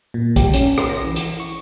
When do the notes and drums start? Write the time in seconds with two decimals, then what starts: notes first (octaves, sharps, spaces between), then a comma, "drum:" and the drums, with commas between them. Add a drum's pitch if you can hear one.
0.14 A#2
0.36 G4, drum: kick, hi-hat
0.53 C#4, drum: hi-hat
0.78 C6, drum: rim click
0.89 A#6
1.05 E3
1.16 drum: hi-hat
1.40 C#6